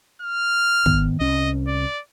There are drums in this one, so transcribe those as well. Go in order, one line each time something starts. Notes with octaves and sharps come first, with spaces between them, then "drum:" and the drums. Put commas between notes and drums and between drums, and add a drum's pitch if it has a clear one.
F6
G#2 D#3 B3, drum: kick
C2 C#4 D#5
D5